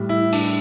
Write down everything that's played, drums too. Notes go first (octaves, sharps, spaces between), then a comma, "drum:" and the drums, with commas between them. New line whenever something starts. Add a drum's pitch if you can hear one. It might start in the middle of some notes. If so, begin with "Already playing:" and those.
Already playing: A2 G3
E4
D4, drum: open hi-hat